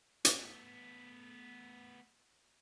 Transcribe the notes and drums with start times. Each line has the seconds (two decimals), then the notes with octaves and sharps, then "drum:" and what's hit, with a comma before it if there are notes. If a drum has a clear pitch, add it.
0.25 A3 B3, drum: hi-hat